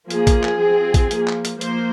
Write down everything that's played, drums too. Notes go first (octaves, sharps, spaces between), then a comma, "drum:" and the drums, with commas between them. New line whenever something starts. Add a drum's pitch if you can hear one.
F3 A#3 G#4, drum: hi-hat
drum: kick, hi-hat
drum: clap
F3 C4
drum: kick, hi-hat
F3 A#3, drum: hi-hat
drum: clap
drum: hi-hat
F3 A#3 C5, drum: hi-hat